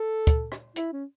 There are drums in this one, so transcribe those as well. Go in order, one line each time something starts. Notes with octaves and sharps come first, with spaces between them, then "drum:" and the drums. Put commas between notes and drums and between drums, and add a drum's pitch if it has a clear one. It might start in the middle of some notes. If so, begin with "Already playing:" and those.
Already playing: A4
drum: kick, hi-hat
drum: rim click
E4, drum: hi-hat
C#4